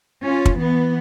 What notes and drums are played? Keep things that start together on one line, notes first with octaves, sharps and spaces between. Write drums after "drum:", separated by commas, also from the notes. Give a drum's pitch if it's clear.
C#4 F4
drum: kick
E3 B3